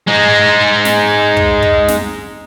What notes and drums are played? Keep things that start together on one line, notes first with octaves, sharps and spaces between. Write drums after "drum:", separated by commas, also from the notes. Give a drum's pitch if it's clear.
G#3 D#4
drum: snare
drum: kick
drum: kick
drum: snare